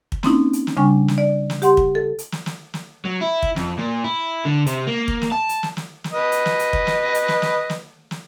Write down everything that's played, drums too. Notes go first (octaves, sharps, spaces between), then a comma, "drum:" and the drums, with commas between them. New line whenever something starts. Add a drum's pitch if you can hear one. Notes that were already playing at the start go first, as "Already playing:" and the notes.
drum: kick
A#3 C4 C#4 D#4 E4, drum: snare
drum: hi-hat
drum: snare
C#3 G3 D4 G#5 C#6
drum: snare
D5
drum: snare
G4 F#5 C6, drum: hi-hat
drum: kick
A4
drum: hi-hat
drum: snare
drum: snare
drum: snare
F#3
E4
drum: kick
F2, drum: snare
A#2
E4
D3
C3, drum: hi-hat
A#3
drum: kick
drum: snare
A5
drum: hi-hat
drum: snare
drum: snare
drum: snare
B4 D#5
drum: hi-hat
drum: snare
drum: hi-hat
drum: kick
drum: snare
drum: hi-hat
drum: snare
drum: snare
drum: snare
drum: snare